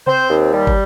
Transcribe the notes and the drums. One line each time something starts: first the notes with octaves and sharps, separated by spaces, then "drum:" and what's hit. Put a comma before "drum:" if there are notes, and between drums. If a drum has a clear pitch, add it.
C4 C5, drum: tom C3
D#2
G3
drum: kick